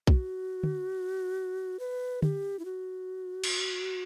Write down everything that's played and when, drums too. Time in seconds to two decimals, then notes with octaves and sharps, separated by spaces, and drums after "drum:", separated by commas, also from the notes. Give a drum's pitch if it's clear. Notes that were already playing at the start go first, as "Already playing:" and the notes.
0.07 F#4, drum: kick B1
0.63 drum: tom D3
1.79 B4
2.22 G4, drum: tom D3
2.59 E4
2.65 F#4
3.44 drum: cymbal